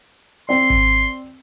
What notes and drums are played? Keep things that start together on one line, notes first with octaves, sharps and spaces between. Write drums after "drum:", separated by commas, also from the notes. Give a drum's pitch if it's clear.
C4 D5 C6
drum: kick G#1